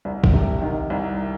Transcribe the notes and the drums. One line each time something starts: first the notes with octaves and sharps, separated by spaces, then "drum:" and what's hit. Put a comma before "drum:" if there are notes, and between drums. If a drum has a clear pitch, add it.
C2
drum: kick
C3
D#3
C2